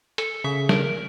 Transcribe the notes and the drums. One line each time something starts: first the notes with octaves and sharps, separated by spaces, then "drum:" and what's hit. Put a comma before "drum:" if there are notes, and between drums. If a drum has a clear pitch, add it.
A4, drum: hi-hat
C#3 E5
A#4, drum: snare